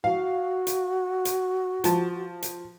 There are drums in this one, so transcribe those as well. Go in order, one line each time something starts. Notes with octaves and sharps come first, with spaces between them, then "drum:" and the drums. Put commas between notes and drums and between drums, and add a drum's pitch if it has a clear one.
F#4 F5
drum: hi-hat
drum: hi-hat
F3 A5, drum: hi-hat
drum: hi-hat